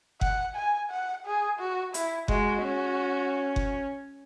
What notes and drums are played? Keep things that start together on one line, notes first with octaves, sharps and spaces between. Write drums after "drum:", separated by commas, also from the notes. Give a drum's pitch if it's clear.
F#5, drum: kick F#1
G#5
F#5
G#4
F#4
E4, drum: hi-hat
G#3 F#4, drum: kick F#1
C#4
drum: kick F#1